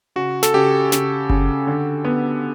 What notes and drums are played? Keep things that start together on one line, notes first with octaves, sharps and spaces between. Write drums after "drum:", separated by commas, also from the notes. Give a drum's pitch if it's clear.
C#3 F#4
A4, drum: snare
C#3 G4
C#3, drum: snare
C#3, drum: kick F#1
D3
B3